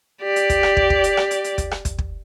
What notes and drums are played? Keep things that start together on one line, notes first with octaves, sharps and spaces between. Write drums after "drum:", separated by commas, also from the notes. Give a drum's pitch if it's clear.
G4 D5
drum: hi-hat
drum: kick, hi-hat
drum: rim click
drum: kick
drum: kick
drum: hi-hat
drum: rim click
drum: hi-hat
drum: hi-hat
drum: kick, hi-hat
drum: rim click
drum: kick, hi-hat
drum: kick